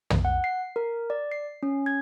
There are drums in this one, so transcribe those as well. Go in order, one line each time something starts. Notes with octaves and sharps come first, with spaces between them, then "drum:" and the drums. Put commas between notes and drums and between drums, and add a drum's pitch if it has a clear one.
drum: tom
F#5
C7
A#4
D5
C7
C#4
G#6